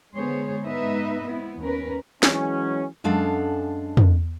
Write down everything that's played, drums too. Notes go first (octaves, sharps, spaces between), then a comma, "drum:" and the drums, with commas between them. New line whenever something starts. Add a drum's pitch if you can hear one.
D3 G#3 B3 G#4 C5 C#5
G#2 B3 D#4 B4 D#5 E5
B3 C4 E4
D#2 C#4 A#4 B4
E3 F#3 G#3 C#4, drum: snare
F#2 G#3 D4 A4 F5 F#5
drum: tom